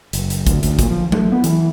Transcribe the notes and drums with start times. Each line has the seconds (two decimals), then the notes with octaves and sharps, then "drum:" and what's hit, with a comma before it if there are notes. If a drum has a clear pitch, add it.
0.13 F#1, drum: hi-hat
0.30 drum: hi-hat
0.46 D2, drum: kick, hi-hat
0.63 D2, drum: hi-hat
0.79 A#2, drum: kick, hi-hat
0.90 F3
1.12 A3, drum: tom F#3
1.32 B3
1.44 E3, drum: hi-hat